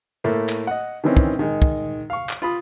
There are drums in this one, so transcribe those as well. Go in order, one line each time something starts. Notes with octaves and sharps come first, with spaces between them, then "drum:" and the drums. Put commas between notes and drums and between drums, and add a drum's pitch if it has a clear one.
A2 A3 A#3
drum: clap
D#5 F#5
D#3 E3 C4 C#4
drum: kick
D#3 G#3 D#4
drum: kick
F5 C#6
drum: clap
F4 B5 D#6